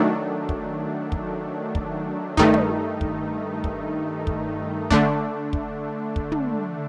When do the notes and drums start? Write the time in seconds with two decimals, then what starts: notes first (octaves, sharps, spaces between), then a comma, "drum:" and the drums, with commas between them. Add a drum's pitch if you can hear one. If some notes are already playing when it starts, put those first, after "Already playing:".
Already playing: D#3 F#3 A3 D4
0.49 drum: kick
1.12 drum: kick
1.75 drum: kick
2.37 G2 D#3 A3 D#4, drum: kick
2.54 drum: tom
3.01 drum: kick
3.64 drum: kick
4.27 drum: kick
4.90 D3 A3 D4, drum: kick
5.53 drum: kick
6.16 drum: kick
6.32 drum: tom